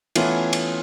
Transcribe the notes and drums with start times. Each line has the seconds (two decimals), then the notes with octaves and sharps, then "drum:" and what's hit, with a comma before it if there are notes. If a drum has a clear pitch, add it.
0.15 E3 A3 B3 C#4 F4, drum: cymbal
0.53 drum: cymbal